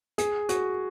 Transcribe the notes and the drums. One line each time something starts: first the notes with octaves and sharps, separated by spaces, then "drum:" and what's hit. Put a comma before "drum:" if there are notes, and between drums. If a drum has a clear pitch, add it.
G#4, drum: hi-hat
F#4, drum: hi-hat